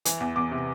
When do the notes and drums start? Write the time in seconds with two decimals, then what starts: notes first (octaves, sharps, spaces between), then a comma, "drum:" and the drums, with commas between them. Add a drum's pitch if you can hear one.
0.05 E3, drum: hi-hat
0.21 E2
0.36 E2 D6
0.51 C3